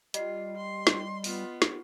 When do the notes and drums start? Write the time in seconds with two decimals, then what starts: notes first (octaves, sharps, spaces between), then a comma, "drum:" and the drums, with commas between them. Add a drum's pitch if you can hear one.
0.14 G3 F4 D#5 C7, drum: hi-hat
0.57 C6
0.87 drum: snare
1.24 B3 F4, drum: open hi-hat
1.62 drum: snare